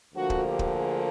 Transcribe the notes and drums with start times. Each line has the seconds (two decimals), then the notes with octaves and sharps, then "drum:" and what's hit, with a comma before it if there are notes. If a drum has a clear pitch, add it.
0.15 D2 D3 F3 A#3 F#4
0.30 drum: kick
0.45 G4
0.59 drum: kick
0.74 G#4